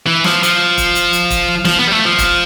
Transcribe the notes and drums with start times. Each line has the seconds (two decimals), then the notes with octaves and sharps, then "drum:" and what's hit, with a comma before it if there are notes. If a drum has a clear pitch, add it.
0.07 E3
0.24 F3, drum: snare
0.43 F3, drum: hi-hat
0.78 drum: kick, hi-hat
0.95 drum: hi-hat
1.13 drum: hi-hat
1.30 drum: kick, hi-hat
1.65 F3, drum: snare
1.79 B3
1.87 G3
1.92 A3
2.05 F3
2.19 drum: kick, hi-hat